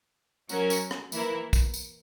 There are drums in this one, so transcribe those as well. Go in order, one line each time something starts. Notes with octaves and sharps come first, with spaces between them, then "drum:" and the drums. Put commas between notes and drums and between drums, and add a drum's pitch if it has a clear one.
F#3 C#4 F#4 A#4, drum: tambourine
drum: tambourine
drum: rim click
E3 A#3 E4 A#4, drum: tambourine
drum: kick, tambourine
drum: tambourine